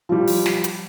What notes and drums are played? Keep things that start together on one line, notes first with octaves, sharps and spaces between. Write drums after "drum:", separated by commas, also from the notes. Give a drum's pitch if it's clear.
F3 G3
drum: open hi-hat
drum: snare
drum: hi-hat